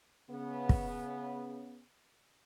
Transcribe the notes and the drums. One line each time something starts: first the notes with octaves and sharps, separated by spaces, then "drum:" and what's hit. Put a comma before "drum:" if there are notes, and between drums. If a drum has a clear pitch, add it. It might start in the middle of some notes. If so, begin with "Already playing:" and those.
C#3 B3
drum: kick